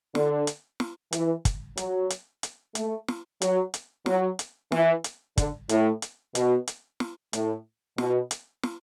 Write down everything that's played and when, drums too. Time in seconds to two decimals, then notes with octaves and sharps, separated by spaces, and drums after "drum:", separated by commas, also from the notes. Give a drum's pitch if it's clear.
0.15 D3, drum: snare
0.47 drum: hi-hat
0.80 drum: snare
1.13 E3, drum: hi-hat
1.45 drum: kick, hi-hat
1.77 F#3, drum: hi-hat
2.10 drum: hi-hat
2.43 drum: hi-hat
2.75 A3, drum: hi-hat
3.08 drum: snare
3.42 F#3, drum: hi-hat
3.74 drum: hi-hat
4.06 F#3, drum: snare
4.39 drum: hi-hat
4.72 E3, drum: snare
5.04 drum: hi-hat
5.38 D3, drum: kick, hi-hat
5.69 A2, drum: hi-hat
6.02 drum: hi-hat
6.35 B2, drum: hi-hat
6.67 drum: hi-hat
7.00 drum: snare
7.33 A2, drum: hi-hat
7.98 B2, drum: snare
8.31 drum: hi-hat
8.63 drum: snare